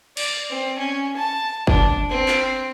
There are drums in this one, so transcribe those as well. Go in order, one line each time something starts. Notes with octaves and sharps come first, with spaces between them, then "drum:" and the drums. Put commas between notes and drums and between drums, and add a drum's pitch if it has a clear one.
D5, drum: cymbal
C4
C#4
A5
D4, drum: kick F#1
C4
drum: clap